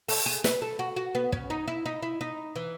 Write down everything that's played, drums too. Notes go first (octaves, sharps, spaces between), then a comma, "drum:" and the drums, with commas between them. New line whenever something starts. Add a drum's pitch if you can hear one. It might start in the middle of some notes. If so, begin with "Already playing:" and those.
A4, drum: open hi-hat
G#4
B4, drum: snare
A4
F#4
F#4
B3
C#4, drum: kick
D#4
E4
D#4
E4
D#4
E3